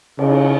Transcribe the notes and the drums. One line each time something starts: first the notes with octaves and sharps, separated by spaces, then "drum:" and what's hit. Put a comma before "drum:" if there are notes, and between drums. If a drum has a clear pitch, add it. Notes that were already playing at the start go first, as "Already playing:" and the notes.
C#3, drum: cymbal